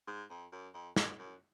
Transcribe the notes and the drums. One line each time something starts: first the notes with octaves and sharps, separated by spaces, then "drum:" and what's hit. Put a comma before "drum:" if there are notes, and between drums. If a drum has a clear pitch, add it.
G#2
F2
F#2
F2
F#2, drum: snare
F#2